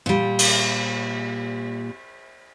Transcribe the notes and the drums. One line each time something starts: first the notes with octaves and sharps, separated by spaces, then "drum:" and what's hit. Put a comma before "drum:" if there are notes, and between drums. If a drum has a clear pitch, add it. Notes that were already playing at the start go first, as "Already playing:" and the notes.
A#2 G3
drum: cymbal